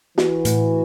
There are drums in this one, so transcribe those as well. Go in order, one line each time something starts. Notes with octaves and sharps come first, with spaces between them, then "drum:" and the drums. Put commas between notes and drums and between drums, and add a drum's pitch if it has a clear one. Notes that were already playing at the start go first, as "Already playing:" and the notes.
E3 F#4, drum: snare
A2, drum: hi-hat